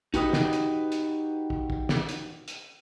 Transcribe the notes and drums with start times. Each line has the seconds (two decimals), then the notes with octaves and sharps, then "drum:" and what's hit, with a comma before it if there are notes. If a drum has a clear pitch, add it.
0.14 D#4 F#4 G4 B4 D#5, drum: kick, hi-hat
0.33 drum: snare
0.53 drum: hi-hat
0.92 drum: hi-hat
1.50 drum: kick
1.70 drum: kick
1.89 drum: snare
2.09 drum: hi-hat
2.48 drum: hi-hat